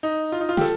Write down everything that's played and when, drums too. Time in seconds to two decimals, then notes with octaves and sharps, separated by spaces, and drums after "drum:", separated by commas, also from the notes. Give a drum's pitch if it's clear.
0.03 D#4
0.32 F4
0.40 D#4
0.49 F4
0.57 G4, drum: snare
0.61 A4